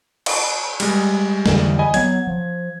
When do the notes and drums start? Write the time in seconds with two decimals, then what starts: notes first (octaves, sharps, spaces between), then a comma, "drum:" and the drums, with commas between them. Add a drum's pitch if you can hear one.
0.26 drum: cymbal
0.80 G3 G#3, drum: cymbal
1.46 F2 D3 E3, drum: snare
1.79 D#5 G#5 B5
1.94 F#3 B3 G#6, drum: hi-hat
2.27 F3